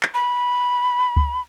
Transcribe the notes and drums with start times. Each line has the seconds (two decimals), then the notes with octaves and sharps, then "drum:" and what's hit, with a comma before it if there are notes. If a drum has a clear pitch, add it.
0.03 drum: clap
0.14 B5
1.17 drum: kick